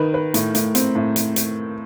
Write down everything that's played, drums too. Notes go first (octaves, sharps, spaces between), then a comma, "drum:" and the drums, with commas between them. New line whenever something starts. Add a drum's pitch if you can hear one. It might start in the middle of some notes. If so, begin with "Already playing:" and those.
Already playing: D#3 D#4 B4
B4
A2, drum: hi-hat
A2, drum: hi-hat
C4, drum: hi-hat
A2
drum: hi-hat
drum: hi-hat